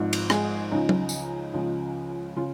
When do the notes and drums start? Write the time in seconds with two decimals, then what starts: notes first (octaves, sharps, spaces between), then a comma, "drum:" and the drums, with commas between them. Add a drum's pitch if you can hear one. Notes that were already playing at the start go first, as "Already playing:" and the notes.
Already playing: G#1 G#2 F3
0.13 drum: cymbal
0.30 G#3 G#4, drum: rim click
0.71 C#2 C#3 F3 D#4
0.89 drum: tom F#3
1.09 drum: tambourine
1.54 C#2 C#3 F3
2.36 C#3 F4